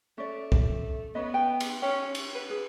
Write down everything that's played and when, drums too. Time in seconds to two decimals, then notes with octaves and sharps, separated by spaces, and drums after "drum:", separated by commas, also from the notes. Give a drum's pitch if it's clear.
0.18 A3 C#4 D5
0.52 drum: kick
1.15 B3 C#4 B4 D#5
1.33 B4 G5
1.60 drum: cymbal
1.82 C#4 G5
2.15 drum: cymbal
2.35 B4
2.50 G#4